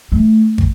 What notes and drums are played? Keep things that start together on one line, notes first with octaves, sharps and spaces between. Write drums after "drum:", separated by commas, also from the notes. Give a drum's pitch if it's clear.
A3
drum: kick